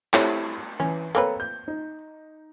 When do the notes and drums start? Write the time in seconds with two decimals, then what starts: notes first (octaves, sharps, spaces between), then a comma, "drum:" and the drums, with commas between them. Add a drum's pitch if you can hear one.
0.14 A3 C4 E4 G4 C#5, drum: clap
0.80 E3 C#4
1.15 A#3 C4 A4 B4 C#5 A#5
1.40 G6
1.68 D#4